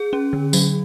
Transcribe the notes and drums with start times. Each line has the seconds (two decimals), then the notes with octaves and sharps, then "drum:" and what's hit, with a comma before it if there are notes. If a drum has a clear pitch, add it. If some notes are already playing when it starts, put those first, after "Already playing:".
Already playing: G#4
0.13 C#4
0.33 D3
0.53 F#3, drum: tambourine